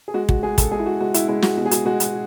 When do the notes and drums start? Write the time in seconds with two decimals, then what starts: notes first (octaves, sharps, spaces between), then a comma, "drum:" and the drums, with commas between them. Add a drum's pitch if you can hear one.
0.08 G#4
0.14 G#3 F#4
0.29 F#4, drum: kick
0.43 G#3 G#4
0.58 A4, drum: kick, hi-hat
0.71 G#3 G#4
0.79 E4
0.86 F#4
1.01 G#3 F#4
1.14 E4, drum: hi-hat
1.28 G#3 E4
1.42 F#4, drum: snare
1.57 B2 F#4
1.66 G#4
1.71 F#4, drum: hi-hat
1.85 G#3 F#4
2.00 drum: hi-hat